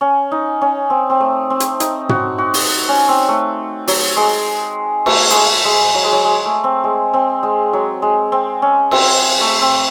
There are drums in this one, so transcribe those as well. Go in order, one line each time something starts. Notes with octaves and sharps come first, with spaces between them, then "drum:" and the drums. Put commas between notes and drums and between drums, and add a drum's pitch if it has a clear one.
C#4
D#4
C#4
C4
C4
A3
C4
drum: hi-hat
D#4, drum: hi-hat
F#4, drum: tom
F#4
drum: open hi-hat
C#4
C4
A3
F#3, drum: open hi-hat
G#3
A3, drum: cymbal
G#3 A3, drum: hi-hat
G#3
F#3
G#3
F#3
G#3
A3
C4
G#3
C4
G#3
F#3
G#3
C4
C#4
C4, drum: cymbal
A3
C4